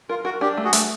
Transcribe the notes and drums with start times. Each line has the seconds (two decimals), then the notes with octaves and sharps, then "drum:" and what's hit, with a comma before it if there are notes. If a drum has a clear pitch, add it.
0.09 F4 A#4
0.25 F#4 A#4
0.41 D4 G4
0.57 A3
0.64 F#4 G#4
0.73 A3, drum: hi-hat